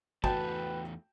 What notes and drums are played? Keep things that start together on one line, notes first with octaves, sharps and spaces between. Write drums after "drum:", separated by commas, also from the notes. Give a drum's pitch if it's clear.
E2 A3 F#4 B4 G5 A5, drum: kick